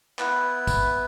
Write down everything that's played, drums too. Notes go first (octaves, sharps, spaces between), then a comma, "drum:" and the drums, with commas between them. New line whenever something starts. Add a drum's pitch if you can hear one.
B3 E4 B4, drum: clap
drum: kick, tambourine